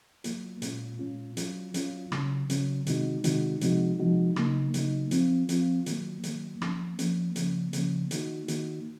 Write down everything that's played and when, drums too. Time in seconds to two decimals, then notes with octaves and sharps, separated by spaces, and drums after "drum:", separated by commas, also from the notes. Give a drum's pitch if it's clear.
0.24 F#3 A#3 F4, drum: hi-hat
0.62 A#2 G#3 C#4 F4, drum: hi-hat
0.99 A#2 G#3 C#4 F4
1.37 F#3 C#4 F4, drum: hi-hat
1.74 F#3 C#4 F4, drum: hi-hat
2.12 C#3 F#3 C#4, drum: rim click
2.50 C#3 F#3 C#4, drum: hi-hat
2.87 C3 D#3 G#3 D#4 F#4, drum: hi-hat
3.24 C3 D#3 G#3 D#4 F#4, drum: hi-hat
3.61 C3 F3 G#3 D#4 F#4, drum: hi-hat
3.99 C3 F3 G#3 D#4 F#4
4.36 C#3 F#3 A#3 D#4, drum: rim click
4.74 C#3 F#3 A#3 D#4, drum: hi-hat
5.11 F3 C4 F4, drum: hi-hat
5.49 F3 C4 F4, drum: hi-hat
5.86 D#3 F#3 A#3, drum: hi-hat
6.23 D#3 F#3 A#3, drum: hi-hat
6.62 F3 A#3 C#4, drum: rim click
6.99 F3 A#3 C#4, drum: hi-hat
7.36 C#3 F3 A#3 C#4, drum: hi-hat
7.73 C#3 F3 A#3 C#4, drum: hi-hat
8.11 D#3 A#3 D#4 F#4, drum: hi-hat
8.48 D#3 A#3 D#4 F#4, drum: hi-hat